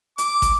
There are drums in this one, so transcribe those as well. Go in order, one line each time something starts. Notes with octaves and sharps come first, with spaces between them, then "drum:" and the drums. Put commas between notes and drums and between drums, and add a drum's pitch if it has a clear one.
D6, drum: hi-hat
drum: kick, hi-hat